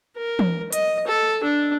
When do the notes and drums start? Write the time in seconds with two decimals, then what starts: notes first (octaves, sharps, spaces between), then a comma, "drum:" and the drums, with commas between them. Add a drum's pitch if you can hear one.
0.17 A#4
0.39 drum: tom E3
0.73 D#5, drum: hi-hat
1.08 A4
1.44 D4